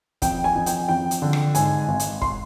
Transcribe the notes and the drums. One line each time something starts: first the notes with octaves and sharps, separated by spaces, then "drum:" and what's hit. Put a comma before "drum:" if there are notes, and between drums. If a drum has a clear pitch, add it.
F2 G5, drum: kick, hi-hat
G#5
F2
G5, drum: hi-hat
F2 G5
drum: hi-hat
D3
drum: rim click
G#2 G#5, drum: hi-hat
G#1
drum: hi-hat
C6, drum: kick